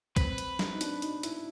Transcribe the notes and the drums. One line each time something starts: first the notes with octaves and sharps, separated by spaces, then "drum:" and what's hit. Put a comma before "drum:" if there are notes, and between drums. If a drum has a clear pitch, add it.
C4 B4, drum: kick C2, hi-hat
drum: hi-hat
drum: snare
D#4
D4, drum: hi-hat
D#4, drum: hi-hat
E4, drum: hi-hat